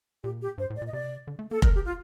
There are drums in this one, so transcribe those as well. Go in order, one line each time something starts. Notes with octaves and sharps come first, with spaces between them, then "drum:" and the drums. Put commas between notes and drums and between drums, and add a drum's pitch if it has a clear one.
A#2 G4
G4
G2 C5
A2
D5
A#2
D#5
C3 D5
D3
A3
A#3 A4
A#4, drum: kick F1
G4
F4